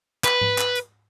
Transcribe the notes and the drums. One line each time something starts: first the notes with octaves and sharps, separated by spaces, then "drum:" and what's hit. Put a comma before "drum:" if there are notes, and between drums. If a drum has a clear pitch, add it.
B4, drum: clap
drum: tom G#2
drum: clap
drum: hi-hat